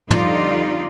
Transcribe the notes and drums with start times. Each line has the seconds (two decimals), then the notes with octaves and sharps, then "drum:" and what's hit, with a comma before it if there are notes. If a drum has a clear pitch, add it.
0.11 F2 D3 G3 D#4 F4 D5, drum: tom